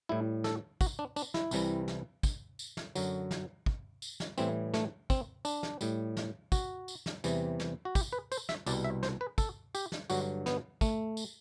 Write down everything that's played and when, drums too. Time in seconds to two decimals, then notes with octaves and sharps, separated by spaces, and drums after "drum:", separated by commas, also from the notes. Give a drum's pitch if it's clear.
0.09 A2 G3 E4
0.44 A4, drum: snare
0.81 F#4, drum: kick, tambourine
0.99 D4
1.16 D4, drum: tambourine
1.34 E4, drum: snare
1.51 C2 C3 E3 G3, drum: tambourine
1.88 drum: snare
2.23 drum: kick, tambourine
2.59 drum: tambourine
2.77 drum: snare
2.95 F#2 D3 F#3, drum: tambourine
3.31 drum: snare
3.66 drum: kick
4.02 drum: tambourine
4.20 drum: snare
4.38 A2 E3 G3 C4, drum: tambourine
4.74 A3, drum: snare
5.10 C4, drum: kick, tambourine
5.45 D4, drum: tambourine
5.63 drum: snare
5.81 A2 G3, drum: tambourine
6.17 drum: snare
6.52 F#4, drum: kick, tambourine
6.88 drum: tambourine
7.06 drum: snare
7.24 E2 C3 E3 G3, drum: tambourine
7.60 drum: snare
7.85 F#4
7.95 G4, drum: kick, tambourine
8.13 B4
8.32 C5, drum: tambourine
8.49 E5, drum: snare
8.66 C2 B2 G3 D5, drum: tambourine
8.84 E5
9.03 C5, drum: snare
9.21 B4
9.38 A4, drum: kick, tambourine
9.75 G4, drum: tambourine
9.92 drum: snare
10.10 G2 D3 F#3 F#4, drum: tambourine
10.46 B3, drum: snare
10.81 A3, drum: kick, tambourine
11.17 drum: tambourine